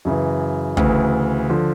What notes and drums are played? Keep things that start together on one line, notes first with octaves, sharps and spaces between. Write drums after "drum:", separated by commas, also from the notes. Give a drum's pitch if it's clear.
F#2 C#3 E3
D2 C#3 E3, drum: kick
D3 F3